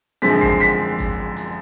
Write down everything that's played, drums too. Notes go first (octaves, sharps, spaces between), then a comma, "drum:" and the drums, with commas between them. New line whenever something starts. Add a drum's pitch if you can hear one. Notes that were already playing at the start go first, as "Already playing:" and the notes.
F#2 D3 F3 G#3 C4 B6, drum: hi-hat
C7, drum: kick G#1, hi-hat
B6, drum: hi-hat
drum: kick G#1, hi-hat
drum: hi-hat